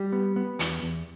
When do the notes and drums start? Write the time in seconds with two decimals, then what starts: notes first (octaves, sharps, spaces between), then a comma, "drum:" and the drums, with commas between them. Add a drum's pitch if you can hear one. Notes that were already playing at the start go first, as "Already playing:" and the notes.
Already playing: G3 G4
0.12 B3
0.36 B3
0.59 E2, drum: hi-hat
0.83 E2